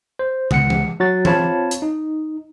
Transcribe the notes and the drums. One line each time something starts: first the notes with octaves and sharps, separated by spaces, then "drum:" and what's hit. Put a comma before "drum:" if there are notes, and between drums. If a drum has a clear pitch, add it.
C5
C#2 F#5 C#7, drum: tom
drum: tom E3
F#3 F#4 A6
C4 F4 C#5 F5 A5 B5, drum: tom E3
drum: hi-hat
D#4